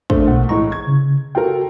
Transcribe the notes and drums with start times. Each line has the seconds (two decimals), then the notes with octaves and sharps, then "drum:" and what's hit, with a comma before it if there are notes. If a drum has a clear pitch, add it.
0.10 A#2 A3 D4 C5, drum: kick
0.28 B1 B2 F#5
0.49 A2 E3 G#3 A#5 C#6
0.72 G#6
0.87 C#3
1.35 F4 F#4 A4 A#4 G5